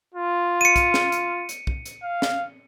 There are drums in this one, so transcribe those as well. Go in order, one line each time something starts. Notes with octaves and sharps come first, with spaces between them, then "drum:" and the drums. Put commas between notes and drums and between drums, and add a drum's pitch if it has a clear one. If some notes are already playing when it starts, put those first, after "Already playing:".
F4
C#7 D#7
drum: kick, hi-hat
drum: snare
drum: hi-hat
drum: hi-hat
drum: kick
drum: hi-hat
F5
drum: snare